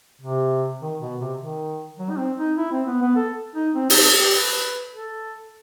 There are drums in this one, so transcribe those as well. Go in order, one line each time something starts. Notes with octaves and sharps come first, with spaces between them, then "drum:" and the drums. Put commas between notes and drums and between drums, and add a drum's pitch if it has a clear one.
C3
D#3
B2
C3
D#3
F#3
D#4
C4
D#4
E4
C4
B3
B3
A4
D#4
C4
D#4, drum: open hi-hat
G4
B4
A4